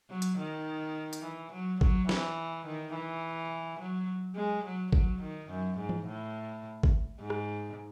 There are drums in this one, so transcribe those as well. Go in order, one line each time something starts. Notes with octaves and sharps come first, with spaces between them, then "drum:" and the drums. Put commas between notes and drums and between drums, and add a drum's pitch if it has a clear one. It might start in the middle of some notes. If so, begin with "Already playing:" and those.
F#3
drum: hi-hat
D#3
drum: hi-hat
E3
F#3
F#3, drum: kick G#1
E3, drum: snare
D#3
E3
F#3
G#3
F#3
F#3, drum: kick G#1
D#3
F#2
G#2
drum: tom E3
A2
drum: kick G#1
G#2
drum: rim click